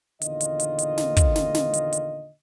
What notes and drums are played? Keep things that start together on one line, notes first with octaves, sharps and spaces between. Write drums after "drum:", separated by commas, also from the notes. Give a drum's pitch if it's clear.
E2 A#2 D3 D#3 F4 D#5, drum: hi-hat
drum: hi-hat
drum: hi-hat
drum: hi-hat
drum: snare
drum: kick, hi-hat
drum: snare
drum: snare
drum: hi-hat
drum: hi-hat